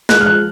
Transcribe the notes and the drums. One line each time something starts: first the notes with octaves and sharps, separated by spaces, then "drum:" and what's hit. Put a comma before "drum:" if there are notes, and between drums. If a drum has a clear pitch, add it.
G#3 F#6, drum: snare
F6
F3 F#6